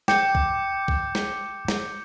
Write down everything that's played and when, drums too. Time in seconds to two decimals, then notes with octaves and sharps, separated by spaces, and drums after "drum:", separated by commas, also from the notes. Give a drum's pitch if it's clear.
0.08 G5 D6 G6 C#7, drum: snare
0.35 drum: kick
0.88 drum: kick
1.15 drum: snare
1.68 drum: snare